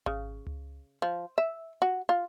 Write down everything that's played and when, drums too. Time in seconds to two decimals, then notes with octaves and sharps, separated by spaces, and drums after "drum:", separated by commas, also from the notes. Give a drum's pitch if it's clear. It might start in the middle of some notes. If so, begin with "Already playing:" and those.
0.06 C#3, drum: kick G#1
0.47 drum: tom C#2
1.02 F3
1.38 E5
1.82 F#4
2.09 F4